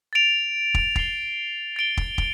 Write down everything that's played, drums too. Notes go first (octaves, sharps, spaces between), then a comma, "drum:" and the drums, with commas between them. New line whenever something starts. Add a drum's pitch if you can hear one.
A6 D7 F7
drum: kick
A6 C7 G7, drum: kick
A6 D7 G7
drum: kick
drum: kick